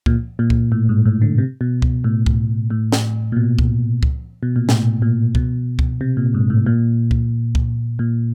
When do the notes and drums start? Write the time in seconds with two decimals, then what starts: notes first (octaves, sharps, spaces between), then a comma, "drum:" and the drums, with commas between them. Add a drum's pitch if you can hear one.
0.06 A#2, drum: kick C#2
0.39 A#2
0.50 drum: kick C#2
0.72 A2
0.89 G#2
1.06 A2
1.22 D3
1.38 C3
1.61 B2
1.82 drum: kick C#2
2.04 A2
2.26 drum: kick C#2
2.70 A2
2.92 drum: snare
3.32 A#2
3.36 B2
3.59 drum: kick C#2
4.03 drum: kick C#2
4.43 B2
4.56 A#2
4.69 A2, drum: snare
5.02 A#2
5.35 B2, drum: kick C#2
5.79 drum: kick C#2
6.01 C3
6.17 A#2
6.34 G#2
6.50 A2
6.66 A#2
7.11 drum: kick C#2
7.55 drum: kick C#2
7.99 A#2